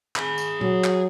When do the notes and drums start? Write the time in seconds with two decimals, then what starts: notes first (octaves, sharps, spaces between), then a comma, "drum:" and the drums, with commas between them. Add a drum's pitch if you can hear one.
0.16 G#4 B5, drum: clap
0.38 drum: tambourine
0.61 F#3, drum: tom
0.84 drum: clap